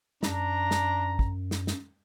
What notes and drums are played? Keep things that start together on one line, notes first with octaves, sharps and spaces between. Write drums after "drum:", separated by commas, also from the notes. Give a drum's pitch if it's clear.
F#2 D4 A#5, drum: snare
drum: snare
drum: kick
drum: snare
drum: snare